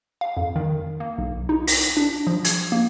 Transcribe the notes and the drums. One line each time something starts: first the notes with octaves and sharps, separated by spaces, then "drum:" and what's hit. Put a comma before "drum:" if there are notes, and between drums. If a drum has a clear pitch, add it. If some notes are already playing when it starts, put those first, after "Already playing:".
F5
F2
D#3
A#3
B1
D#4
A#6, drum: open hi-hat
D4
F3
G#6, drum: hi-hat
A#3